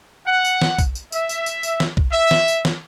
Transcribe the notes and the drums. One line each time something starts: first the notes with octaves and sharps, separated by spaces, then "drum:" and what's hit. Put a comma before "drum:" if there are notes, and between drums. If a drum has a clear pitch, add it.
F#5
drum: tambourine
drum: snare
drum: kick, tambourine
drum: tambourine
E5, drum: tambourine
drum: tambourine
drum: tambourine
drum: tambourine
drum: snare
drum: kick
E5
drum: snare
drum: tambourine
drum: snare